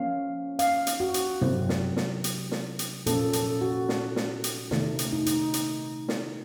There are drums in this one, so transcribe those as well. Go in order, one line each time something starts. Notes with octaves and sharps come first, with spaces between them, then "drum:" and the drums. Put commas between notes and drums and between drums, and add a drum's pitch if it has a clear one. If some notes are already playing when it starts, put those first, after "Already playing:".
Already playing: F3 A#3 C#4 F5
F5, drum: hi-hat
drum: hi-hat
F#4
drum: hi-hat
C3 F#3 C4, drum: tom
drum: snare
drum: snare
drum: hi-hat
drum: snare
drum: hi-hat
A#2 F3 A#3 C#4 A4, drum: hi-hat
A4, drum: hi-hat
F#4
drum: snare
drum: snare
drum: hi-hat
C3 D#3 A3 D#4, drum: snare
drum: hi-hat
D#4
D#4, drum: hi-hat
drum: hi-hat
drum: snare